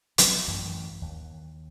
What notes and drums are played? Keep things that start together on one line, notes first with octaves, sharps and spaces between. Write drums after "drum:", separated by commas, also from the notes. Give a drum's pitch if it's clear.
D2 F#3 G3 B3, drum: hi-hat
A1 F#2 E3
D#2